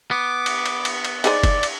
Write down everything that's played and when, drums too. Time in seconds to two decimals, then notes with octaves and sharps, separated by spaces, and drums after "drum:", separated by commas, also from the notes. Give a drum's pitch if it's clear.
0.11 B3 D6
0.46 drum: cymbal
0.66 drum: cymbal
0.85 drum: cymbal
1.05 drum: cymbal
1.24 D#4 G#4 C5 D5, drum: cymbal
1.43 drum: kick F#1, cymbal
1.63 drum: cymbal